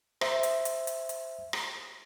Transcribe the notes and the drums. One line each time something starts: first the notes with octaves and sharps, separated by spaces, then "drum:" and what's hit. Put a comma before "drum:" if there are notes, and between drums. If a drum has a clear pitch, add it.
C5 E5, drum: rim click
drum: hi-hat
drum: hi-hat
drum: hi-hat
drum: hi-hat
drum: rim click